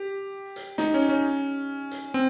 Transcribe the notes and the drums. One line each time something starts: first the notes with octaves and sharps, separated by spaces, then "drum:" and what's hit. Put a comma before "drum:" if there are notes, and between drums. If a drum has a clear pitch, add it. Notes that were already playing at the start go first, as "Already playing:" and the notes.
Already playing: G4
drum: hi-hat
D#4, drum: snare
C#4
C#4
drum: hi-hat
C4